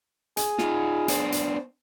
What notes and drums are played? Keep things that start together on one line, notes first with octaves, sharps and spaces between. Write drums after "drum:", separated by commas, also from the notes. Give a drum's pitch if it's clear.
G#4, drum: hi-hat
D#4 F4, drum: snare
B3 D4 C5, drum: hi-hat
drum: hi-hat